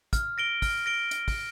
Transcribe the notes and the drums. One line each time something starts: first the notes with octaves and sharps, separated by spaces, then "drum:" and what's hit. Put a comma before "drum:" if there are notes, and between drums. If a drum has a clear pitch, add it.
F6, drum: kick, hi-hat
A#6 D7 G7
F6, drum: kick, open hi-hat
A#6 D7 G7
drum: hi-hat
drum: kick, open hi-hat